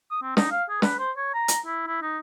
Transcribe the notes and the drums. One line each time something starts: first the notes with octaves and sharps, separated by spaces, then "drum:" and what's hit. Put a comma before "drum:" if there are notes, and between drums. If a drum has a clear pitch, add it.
D#6
C4
D#4, drum: snare
F5
G#4
B4, drum: snare
C5
C#5
A#5
drum: hi-hat
E4
E4
D#4